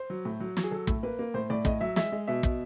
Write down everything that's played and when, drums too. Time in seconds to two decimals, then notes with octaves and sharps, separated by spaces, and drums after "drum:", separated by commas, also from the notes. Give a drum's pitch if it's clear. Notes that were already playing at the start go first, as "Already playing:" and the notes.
Already playing: C5
0.10 F#3
0.25 A2
0.40 F#3
0.57 F#3, drum: snare
0.63 G#4
0.71 F#3 A4
0.87 A2, drum: kick
1.03 A#3 B4
1.19 A#3
1.34 A2 C5
1.50 A2 D5
1.65 A2 D#5, drum: kick
1.81 F#3 E5
1.96 G#3 E5, drum: snare
2.12 G#3
2.28 B2 E5
2.43 B2, drum: kick